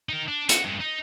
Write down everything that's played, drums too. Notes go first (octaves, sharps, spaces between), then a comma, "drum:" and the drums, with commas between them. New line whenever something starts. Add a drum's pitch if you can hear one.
D#4 A#4
D4
F#4, drum: hi-hat
G2 G#3
D#4